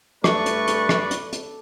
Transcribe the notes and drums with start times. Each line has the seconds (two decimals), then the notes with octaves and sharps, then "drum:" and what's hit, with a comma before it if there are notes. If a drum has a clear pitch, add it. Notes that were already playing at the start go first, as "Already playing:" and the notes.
0.24 G2 A3 D4 A4 B4 D5 C#6, drum: rim click
0.46 drum: hi-hat
0.68 drum: hi-hat
0.89 drum: rim click
1.11 drum: hi-hat
1.33 drum: hi-hat